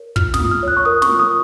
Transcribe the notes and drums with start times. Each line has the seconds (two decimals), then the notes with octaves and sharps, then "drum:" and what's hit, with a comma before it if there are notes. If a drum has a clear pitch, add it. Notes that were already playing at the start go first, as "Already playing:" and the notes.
Already playing: A#4 C#5
0.16 F4 F6, drum: kick
0.34 D#6, drum: snare
0.39 F4
0.51 F6
0.63 C#5 F#6
0.77 C#6
0.85 A#4 D#6
1.02 C#6, drum: snare
1.09 F4
1.19 D#6